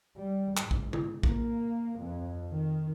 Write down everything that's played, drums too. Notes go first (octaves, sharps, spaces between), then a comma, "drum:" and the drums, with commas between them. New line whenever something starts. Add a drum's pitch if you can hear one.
G3
G#2, drum: clap
drum: kick
drum: tom D3
A#3, drum: kick
F2
D#3